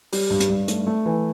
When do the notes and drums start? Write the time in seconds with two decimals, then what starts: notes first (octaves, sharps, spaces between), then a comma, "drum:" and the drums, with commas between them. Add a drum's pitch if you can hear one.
0.12 G3, drum: open hi-hat
0.30 G2
0.40 drum: hi-hat
0.49 G2
0.68 A3, drum: hi-hat
0.87 A3
1.06 E3